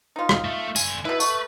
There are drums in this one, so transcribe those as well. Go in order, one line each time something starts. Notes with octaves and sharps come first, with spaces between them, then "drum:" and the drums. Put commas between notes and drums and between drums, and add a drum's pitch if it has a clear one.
D#4 F4
drum: rim click
A3
D3 G#5, drum: tambourine
B2 E4 B4
A3 C#6, drum: tambourine